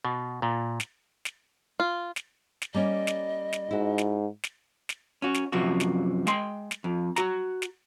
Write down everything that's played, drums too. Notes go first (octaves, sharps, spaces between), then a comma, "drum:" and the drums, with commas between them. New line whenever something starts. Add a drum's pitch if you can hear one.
B2
A#2
drum: snare
drum: snare
F4
drum: snare
drum: snare
G3 A#3 C#4 D#5
drum: snare
drum: snare
G#2 E4 F#4
drum: snare
drum: snare
drum: snare
C#4 F#4
drum: snare
F#2 C3 F3 F#4
drum: snare
G#3 G5 C6, drum: snare
drum: snare
F2
F#4 A#5, drum: snare
drum: snare